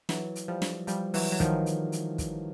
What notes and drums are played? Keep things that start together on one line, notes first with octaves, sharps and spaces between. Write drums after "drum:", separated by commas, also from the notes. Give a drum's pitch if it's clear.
E3 F#3, drum: snare
drum: hi-hat
F3 G3
drum: snare
F3 G3, drum: hi-hat
E3 F#3, drum: open hi-hat
F#3
D#3 F3, drum: kick, hi-hat
drum: hi-hat
drum: hi-hat
drum: kick, hi-hat